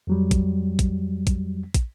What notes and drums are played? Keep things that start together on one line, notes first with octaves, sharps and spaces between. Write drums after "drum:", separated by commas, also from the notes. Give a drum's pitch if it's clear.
F2 F#3 G3
drum: kick, hi-hat
drum: kick, hi-hat
drum: kick, hi-hat
drum: kick, hi-hat